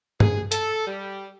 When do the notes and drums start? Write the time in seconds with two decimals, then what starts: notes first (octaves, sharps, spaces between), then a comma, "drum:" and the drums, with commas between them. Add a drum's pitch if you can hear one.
0.20 G#4, drum: tom G2
0.52 A4, drum: hi-hat
0.87 G3